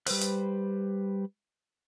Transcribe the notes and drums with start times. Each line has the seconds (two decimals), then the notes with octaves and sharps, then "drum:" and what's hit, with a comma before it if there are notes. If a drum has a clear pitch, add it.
0.06 G3 B4 C5 F#6, drum: open hi-hat
0.21 drum: hi-hat